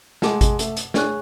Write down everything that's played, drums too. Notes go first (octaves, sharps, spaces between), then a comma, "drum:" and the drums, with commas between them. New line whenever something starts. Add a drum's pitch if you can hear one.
G#3 F#5 A5 D6, drum: snare
G#3, drum: kick G#1, hi-hat
A3, drum: hi-hat
drum: hi-hat
D4 G#4 C#5 G#5 C#6 F#6, drum: snare